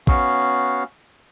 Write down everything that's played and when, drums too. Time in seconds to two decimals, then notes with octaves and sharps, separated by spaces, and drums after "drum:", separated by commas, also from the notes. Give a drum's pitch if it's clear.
0.07 B3 C#4 F#4 F5, drum: kick